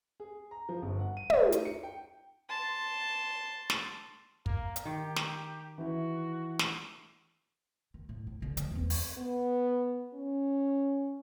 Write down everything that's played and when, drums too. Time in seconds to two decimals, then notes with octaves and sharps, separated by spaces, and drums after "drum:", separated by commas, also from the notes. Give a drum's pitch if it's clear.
0.20 G#4
0.51 A#5
0.69 F3
0.82 G1
0.99 F#5
1.17 D#7
1.30 A3, drum: tom
1.52 D#4, drum: hi-hat
1.65 C#7
1.83 G5
2.49 A5 C6
3.70 drum: snare
4.46 A#3, drum: kick
4.76 drum: hi-hat
4.85 D#3 G4
5.16 drum: snare
5.78 E3 E4 F#4
6.59 drum: snare
7.94 D#3
8.09 A2
8.27 A2
8.41 D3 D#3
8.57 F3 G#3, drum: hi-hat
8.71 E2 C4
8.90 drum: open hi-hat
9.17 B3
10.14 C#4